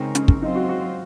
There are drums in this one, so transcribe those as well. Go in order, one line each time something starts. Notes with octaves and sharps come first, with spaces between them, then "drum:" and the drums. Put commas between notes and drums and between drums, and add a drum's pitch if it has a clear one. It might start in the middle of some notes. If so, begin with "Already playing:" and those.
Already playing: C#3 G#3 C4 D#4 A#4
C#4, drum: hi-hat
C#4, drum: kick
F#3 C4 D#4 F4 C5
F#4
F#4